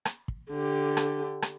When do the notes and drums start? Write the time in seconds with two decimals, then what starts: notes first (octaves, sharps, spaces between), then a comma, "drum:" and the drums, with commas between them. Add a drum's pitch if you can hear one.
0.05 drum: rim click
0.28 drum: kick
0.51 D3 G4
0.97 drum: rim click
1.42 drum: rim click